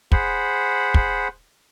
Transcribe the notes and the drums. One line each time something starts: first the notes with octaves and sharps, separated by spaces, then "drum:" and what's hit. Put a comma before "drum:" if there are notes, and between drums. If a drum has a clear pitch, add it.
G#4 C5 F#5 B5, drum: kick
drum: kick